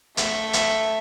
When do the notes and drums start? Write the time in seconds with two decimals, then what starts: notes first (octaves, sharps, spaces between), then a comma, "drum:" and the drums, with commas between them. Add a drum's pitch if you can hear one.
0.17 A3 E5, drum: hi-hat
0.53 drum: hi-hat